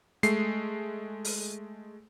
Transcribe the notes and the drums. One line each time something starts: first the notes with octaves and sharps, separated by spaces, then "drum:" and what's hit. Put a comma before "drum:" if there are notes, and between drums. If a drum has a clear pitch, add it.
G#3 A3 C7, drum: hi-hat
drum: open hi-hat